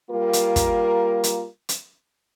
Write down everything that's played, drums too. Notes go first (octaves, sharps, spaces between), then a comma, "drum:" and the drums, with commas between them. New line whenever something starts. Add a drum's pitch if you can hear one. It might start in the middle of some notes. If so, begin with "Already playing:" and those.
G3 A#3 F4 A#4
drum: hi-hat
drum: kick, hi-hat
drum: hi-hat
drum: hi-hat